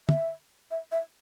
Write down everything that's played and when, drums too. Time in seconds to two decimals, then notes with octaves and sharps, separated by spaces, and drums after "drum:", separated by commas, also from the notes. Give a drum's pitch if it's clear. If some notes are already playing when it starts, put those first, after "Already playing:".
0.09 E5, drum: tom
0.71 E5
0.92 E5